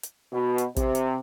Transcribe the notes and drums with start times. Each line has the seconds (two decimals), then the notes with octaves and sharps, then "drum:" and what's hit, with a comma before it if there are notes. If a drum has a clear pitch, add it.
0.03 drum: hi-hat
0.32 B2
0.58 drum: hi-hat
0.76 C3, drum: kick, hi-hat
0.95 drum: hi-hat